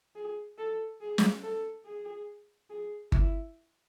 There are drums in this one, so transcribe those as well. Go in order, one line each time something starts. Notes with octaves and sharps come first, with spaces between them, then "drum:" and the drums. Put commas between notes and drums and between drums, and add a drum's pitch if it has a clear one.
G#4
A4
G#4
drum: snare
A4
G#4
G#4
E4, drum: kick G1